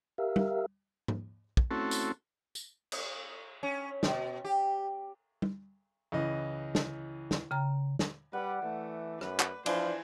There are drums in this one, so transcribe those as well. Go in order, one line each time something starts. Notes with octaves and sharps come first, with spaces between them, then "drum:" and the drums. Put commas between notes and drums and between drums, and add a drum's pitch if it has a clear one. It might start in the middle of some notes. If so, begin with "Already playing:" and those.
G4 A#4 E5 F5
drum: tom
drum: tom G#2
drum: kick
A3 C4 C#4 E4 F#4 A4
drum: tambourine
drum: tambourine
drum: cymbal
C#4
B2, drum: snare
G4
drum: tom
C#2 E3 D#5
drum: snare
drum: snare
C#3 G5 A#5
drum: snare
G3 B4 D5 F#5
E3 A3
F#2 B4, drum: rim click
drum: clap
E3 F3 D4 C5, drum: cymbal